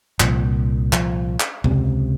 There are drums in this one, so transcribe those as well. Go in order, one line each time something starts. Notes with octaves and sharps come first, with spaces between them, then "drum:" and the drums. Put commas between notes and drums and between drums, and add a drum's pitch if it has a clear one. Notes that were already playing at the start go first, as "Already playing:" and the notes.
C2 A#2 F3, drum: clap
F3, drum: clap
drum: clap
C#2 C3, drum: tom E2